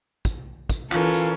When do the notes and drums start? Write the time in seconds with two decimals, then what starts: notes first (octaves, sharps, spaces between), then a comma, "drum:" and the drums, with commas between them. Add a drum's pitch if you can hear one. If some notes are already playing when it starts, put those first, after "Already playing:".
0.25 drum: kick, tambourine
0.69 drum: kick, tambourine
0.92 E3 C#4 F4 A4 A#4, drum: clap
1.14 drum: tambourine